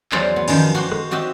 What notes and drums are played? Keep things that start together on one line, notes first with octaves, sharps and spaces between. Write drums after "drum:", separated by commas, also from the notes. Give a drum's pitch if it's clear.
E2 F#3 C5 D5, drum: clap
B3
F#2 D#3 F3, drum: cymbal
F#4 G4 C5
drum: rim click
C4 F#4 G4 D#5 E5